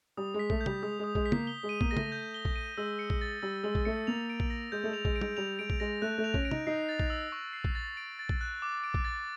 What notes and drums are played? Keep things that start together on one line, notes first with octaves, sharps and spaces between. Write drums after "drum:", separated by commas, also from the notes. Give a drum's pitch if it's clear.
G3 D#6
G#3
B6
A3, drum: kick A#1
G6
G3, drum: tom
G#3 D#6
G#3 D#6
G#3, drum: kick A#1
B6
A#3, drum: tom
G7
G#3
D#7
A#3, drum: kick A#1
G#3 A#6
A3, drum: tom
G6
G7
drum: kick A#1
D#7
G#3 E6
C#7
drum: kick A#1
A6
G3 E6
G#3 E6
drum: kick A#1
A3 C#7
A#3 F7
D7
drum: kick A#1
A#6
G#3 G6
A3
G#3 F7
G#3, drum: kick A#1
D7
G#3, drum: tom
G3 F7
G#3 D7
drum: kick A#1
G#3 A#6
A3 F#6
A3
F7
C#4, drum: kick A#1
D7
D#4, drum: tom
D#4 C7
A6
drum: kick A#1
E6
C#6
C7
drum: kick A#1
A6
D7
A6
drum: kick A#1
F#6
D6
D7
drum: kick A#1
A6